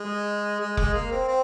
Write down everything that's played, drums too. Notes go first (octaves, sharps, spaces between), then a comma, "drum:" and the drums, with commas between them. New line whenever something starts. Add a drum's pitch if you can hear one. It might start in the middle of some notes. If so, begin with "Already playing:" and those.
Already playing: G#3
G#3
G#3, drum: kick F1
A#3
C4
C4